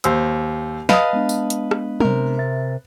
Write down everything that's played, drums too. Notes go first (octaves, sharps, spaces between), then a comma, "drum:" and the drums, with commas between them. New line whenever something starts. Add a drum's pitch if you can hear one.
D#2 C5 E6, drum: hi-hat
B4 D#5 F5 A5 D#6, drum: snare
G#3 B3 D4
drum: tambourine
drum: hi-hat
drum: rim click
C3 A#4, drum: tom F#3
E5 A6